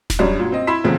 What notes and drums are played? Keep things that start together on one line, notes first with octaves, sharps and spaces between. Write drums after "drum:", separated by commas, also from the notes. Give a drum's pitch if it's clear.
drum: snare D#1
F#2 G3 C#4 D4
A#2 F#3
C4 D#5
E4 B5 C6 B6 E7
E2 A#2 C#3 A3 C4